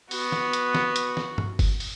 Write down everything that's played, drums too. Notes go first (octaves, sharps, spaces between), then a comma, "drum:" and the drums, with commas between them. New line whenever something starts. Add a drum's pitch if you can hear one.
B3 F#4, drum: open hi-hat
drum: snare
drum: hi-hat
drum: snare
drum: hi-hat
drum: snare
drum: tom G2
drum: kick G1, open hi-hat
drum: open hi-hat